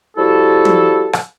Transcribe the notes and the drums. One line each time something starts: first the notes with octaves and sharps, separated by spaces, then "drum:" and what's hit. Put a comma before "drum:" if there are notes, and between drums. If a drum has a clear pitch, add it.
F3 G3 E4 F#4 A4
drum: tom
drum: rim click